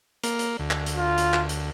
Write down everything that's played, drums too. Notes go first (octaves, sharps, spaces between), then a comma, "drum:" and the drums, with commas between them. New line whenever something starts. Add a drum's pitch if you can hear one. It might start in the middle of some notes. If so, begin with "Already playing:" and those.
A#3, drum: hi-hat
drum: hi-hat
D2
drum: clap
drum: hi-hat
F4
drum: hi-hat
drum: clap
drum: hi-hat